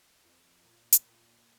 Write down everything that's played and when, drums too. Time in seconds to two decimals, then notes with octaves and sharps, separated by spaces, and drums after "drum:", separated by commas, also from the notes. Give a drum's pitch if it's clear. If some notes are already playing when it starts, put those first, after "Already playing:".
0.24 F2
0.65 A#2
0.92 drum: hi-hat
1.06 A#2